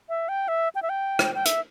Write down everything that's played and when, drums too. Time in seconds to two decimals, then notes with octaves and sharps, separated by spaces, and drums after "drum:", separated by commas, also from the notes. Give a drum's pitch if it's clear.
0.09 E5
0.29 G5
0.48 E5
0.75 G5
0.82 E5
0.89 G5
1.19 drum: rim click
1.35 G5
1.45 E5, drum: hi-hat